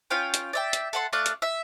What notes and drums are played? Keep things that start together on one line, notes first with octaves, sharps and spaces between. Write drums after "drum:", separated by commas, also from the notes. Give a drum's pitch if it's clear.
C#4 F4 F5 G5
drum: hi-hat
D5 E5 G5
drum: hi-hat
A4 F#5 C6
A3 D5 F5 F#6
drum: hi-hat
E5